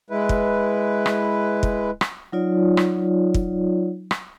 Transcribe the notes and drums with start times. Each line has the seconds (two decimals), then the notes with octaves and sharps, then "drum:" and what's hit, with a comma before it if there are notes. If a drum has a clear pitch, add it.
0.10 G#3 E4 B4
0.29 drum: kick
1.06 drum: rim click
1.63 drum: kick
2.01 drum: rim click
2.32 F#3 D#4 F4 C#5 D5
2.77 drum: rim click
3.34 drum: kick
4.11 drum: rim click